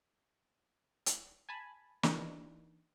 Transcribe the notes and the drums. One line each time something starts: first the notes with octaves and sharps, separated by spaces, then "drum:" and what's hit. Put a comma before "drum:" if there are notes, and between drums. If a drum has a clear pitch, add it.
drum: hi-hat
G#5 A5 B5
E3 A#3 D4 D#4, drum: snare